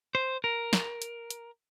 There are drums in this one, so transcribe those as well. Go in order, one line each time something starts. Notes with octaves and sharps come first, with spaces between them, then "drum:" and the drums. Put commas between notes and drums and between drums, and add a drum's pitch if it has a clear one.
C5
A#4
drum: snare
drum: hi-hat
drum: hi-hat